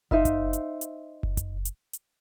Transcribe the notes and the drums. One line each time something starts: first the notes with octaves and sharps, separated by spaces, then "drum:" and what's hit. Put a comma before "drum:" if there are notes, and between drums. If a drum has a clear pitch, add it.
D#4 C5 E5 F5, drum: kick
drum: kick, hi-hat
drum: hi-hat
drum: hi-hat
drum: kick
drum: kick, hi-hat
drum: hi-hat
drum: hi-hat